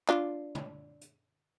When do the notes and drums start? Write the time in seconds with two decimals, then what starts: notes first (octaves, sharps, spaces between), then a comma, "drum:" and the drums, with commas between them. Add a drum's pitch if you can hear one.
0.09 D4 F4, drum: clap
0.55 drum: tom
1.01 drum: hi-hat